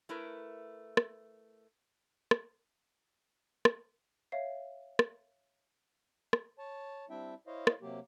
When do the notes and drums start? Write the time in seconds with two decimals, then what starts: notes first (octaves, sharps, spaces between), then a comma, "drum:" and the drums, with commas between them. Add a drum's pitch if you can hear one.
0.09 A3 E4 A#4 B4
0.97 drum: rim click
2.31 drum: rim click
3.65 drum: rim click
4.32 C#5 E5 F5 C7
4.99 drum: rim click
6.33 drum: rim click
6.59 C#5 A5
7.10 G3 C4 D4 E4 E5 G5
7.47 E4 C5 C#5 D#5 F5
7.67 drum: rim click
7.82 C3 F#3 A#3 G4